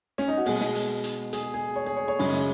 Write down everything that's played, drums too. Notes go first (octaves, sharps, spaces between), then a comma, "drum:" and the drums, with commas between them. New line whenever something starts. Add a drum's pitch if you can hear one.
C#4, drum: snare
D#4
F#4
B2 G#3 G#4, drum: open hi-hat
drum: snare
drum: hi-hat
drum: hi-hat
G#4, drum: hi-hat
G#4
C#5
G#4
C#5
C#5
F#2 C#3 G#3, drum: open hi-hat
drum: snare